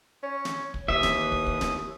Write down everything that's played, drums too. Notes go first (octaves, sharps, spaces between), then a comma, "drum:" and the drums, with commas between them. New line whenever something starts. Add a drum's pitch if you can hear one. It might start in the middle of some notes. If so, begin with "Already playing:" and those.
C#4
drum: snare
drum: kick
D#2 E3 E5 D#6, drum: kick
drum: snare
drum: kick
drum: kick
drum: snare